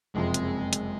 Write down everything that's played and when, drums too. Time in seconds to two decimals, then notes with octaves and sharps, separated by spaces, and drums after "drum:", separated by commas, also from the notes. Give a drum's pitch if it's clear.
0.15 F#1 F2 C3 F3 G#3
0.34 drum: hi-hat
0.73 drum: hi-hat